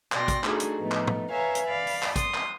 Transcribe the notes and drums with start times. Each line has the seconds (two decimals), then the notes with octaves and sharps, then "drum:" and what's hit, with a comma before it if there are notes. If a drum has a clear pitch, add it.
0.12 B2 F#4 D5 G5 C6 A#6, drum: clap
0.28 drum: kick, hi-hat
0.44 A3 D4 D#4 F#4 G#4 A4, drum: clap
0.60 drum: hi-hat
0.80 A2 F3 A3 B3 D#4
0.92 drum: clap
1.07 drum: tom
1.32 B4 C#5 E5 F5 G#5 A#5
1.55 drum: hi-hat
1.66 D5 F5 B5
1.87 drum: open hi-hat
2.03 drum: clap
2.16 C6 D#6, drum: kick, hi-hat
2.34 drum: clap